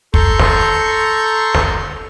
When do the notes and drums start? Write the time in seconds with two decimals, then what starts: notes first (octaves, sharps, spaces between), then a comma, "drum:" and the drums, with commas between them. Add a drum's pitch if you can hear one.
0.14 A4 A#5 C6 C#6 G6, drum: kick
0.40 drum: snare
1.55 drum: snare